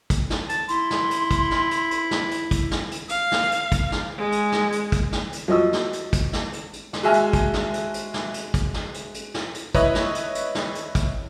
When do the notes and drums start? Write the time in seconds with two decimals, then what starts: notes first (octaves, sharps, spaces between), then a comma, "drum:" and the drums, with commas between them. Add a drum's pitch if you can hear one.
0.10 drum: kick, hi-hat
0.30 drum: snare
0.49 A5, drum: hi-hat
0.68 E4 C6, drum: hi-hat
0.90 drum: snare
1.11 drum: hi-hat
1.31 drum: kick, hi-hat
1.51 drum: snare
1.71 drum: hi-hat
1.91 drum: hi-hat
2.11 drum: snare
2.31 drum: hi-hat
2.51 drum: kick, hi-hat
2.71 drum: snare
2.91 drum: hi-hat
3.09 F5, drum: hi-hat
3.32 drum: snare
3.52 drum: hi-hat
3.72 drum: kick, hi-hat
3.92 drum: snare
4.17 G#3
4.32 drum: hi-hat
4.52 drum: snare
4.72 drum: hi-hat
4.92 drum: kick, hi-hat
5.12 drum: snare
5.33 drum: hi-hat
5.48 F3 F#3 D#5 E6
5.73 drum: snare
5.93 drum: hi-hat
6.13 drum: kick, hi-hat
6.33 drum: snare
6.53 drum: hi-hat
6.73 drum: hi-hat
6.93 drum: snare
7.03 G#3 F#4 E5 G#5 A5 F6
7.13 drum: hi-hat
7.33 drum: kick, hi-hat
7.54 drum: snare
7.74 drum: hi-hat
7.94 drum: hi-hat
8.14 drum: snare
8.34 drum: hi-hat
8.54 drum: kick, hi-hat
8.74 drum: snare
8.94 drum: hi-hat
9.14 drum: hi-hat
9.34 drum: snare
9.54 drum: hi-hat
9.75 E4 B4 C#5 D#5, drum: kick, hi-hat
9.95 drum: snare
10.15 drum: hi-hat
10.35 drum: hi-hat
10.55 drum: snare
10.75 drum: hi-hat
10.95 drum: kick, hi-hat